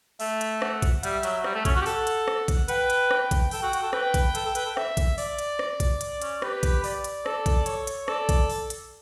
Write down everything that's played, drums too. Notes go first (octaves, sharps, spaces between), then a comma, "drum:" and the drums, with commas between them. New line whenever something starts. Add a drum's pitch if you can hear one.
A3 E5, drum: open hi-hat
drum: hi-hat
F#5, drum: rim click
drum: kick A#1, hi-hat
G3 E5, drum: hi-hat
F#3, drum: hi-hat
G3 F#5, drum: rim click
A3
C#4, drum: kick A#1, hi-hat
F#4
G4
A4, drum: open hi-hat
drum: hi-hat
drum: rim click
drum: kick A#1, hi-hat
B4 G5, drum: hi-hat
drum: hi-hat
G5, drum: rim click
drum: kick A#1, hi-hat
A4 G5, drum: open hi-hat
F#4
F#4, drum: hi-hat
A4
B4 G5, drum: rim click
drum: kick A#1, hi-hat
A4, drum: hi-hat
A4
B4, drum: hi-hat
A4
E5, drum: rim click
drum: kick A#1, hi-hat
D5, drum: open hi-hat
drum: hi-hat
drum: rim click
drum: kick A#1, hi-hat
drum: hi-hat
C#4, drum: hi-hat
G4 B4, drum: rim click
drum: kick A#1, hi-hat
D5, drum: open hi-hat
drum: hi-hat
A4, drum: rim click
drum: kick A#1, hi-hat
C#5, drum: hi-hat
drum: hi-hat
A4 D5, drum: rim click
drum: kick A#1, hi-hat
drum: open hi-hat
drum: hi-hat